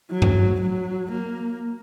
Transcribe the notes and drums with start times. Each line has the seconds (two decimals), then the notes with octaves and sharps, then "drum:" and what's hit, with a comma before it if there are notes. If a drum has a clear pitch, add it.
0.11 F#3
0.22 drum: tom G2
0.61 F#3
1.11 A#3